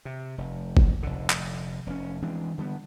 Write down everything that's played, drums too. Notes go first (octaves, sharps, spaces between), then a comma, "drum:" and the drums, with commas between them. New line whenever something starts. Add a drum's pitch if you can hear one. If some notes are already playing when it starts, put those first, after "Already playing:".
C3
F1
drum: kick F#1
F1 D3
drum: clap
F1 C#4
E3 G#3 C4 D4
D3 G3 A3 B3